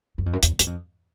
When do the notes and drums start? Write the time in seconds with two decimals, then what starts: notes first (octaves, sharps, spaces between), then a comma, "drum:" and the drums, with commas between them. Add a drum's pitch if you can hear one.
0.18 F#2
0.26 F2
0.33 F#2
0.43 E2, drum: hi-hat
0.59 F#2, drum: hi-hat
0.67 F2